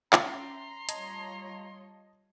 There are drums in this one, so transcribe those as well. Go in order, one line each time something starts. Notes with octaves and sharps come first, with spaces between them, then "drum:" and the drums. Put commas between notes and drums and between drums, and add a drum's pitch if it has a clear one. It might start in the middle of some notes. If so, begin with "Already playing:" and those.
C#4 E5 G5 A#5 C6 A6, drum: clap
G3 F4 C#5 D#5 A5 G#6, drum: hi-hat